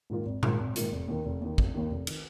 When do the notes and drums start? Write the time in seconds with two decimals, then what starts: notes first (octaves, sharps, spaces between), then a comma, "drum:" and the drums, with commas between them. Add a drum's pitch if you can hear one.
0.10 G#2 D#3 A#3 F4
0.26 G#1
0.43 G#2 D#3 A#3 F4, drum: tom A#2
0.59 G#1
0.76 G#2 D#3 A#3 F4, drum: hi-hat
0.92 F1
1.08 D#2 D#3
1.25 F1
1.41 D#2 D#3
1.58 F1, drum: kick
1.74 D#2 D#3
1.91 F1
2.07 D#3, drum: cymbal